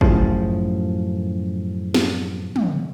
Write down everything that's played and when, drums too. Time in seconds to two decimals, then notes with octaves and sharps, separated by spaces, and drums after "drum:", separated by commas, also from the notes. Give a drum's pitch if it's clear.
0.01 F#2 A2 C#3 F3, drum: kick
1.94 drum: snare
2.56 drum: tom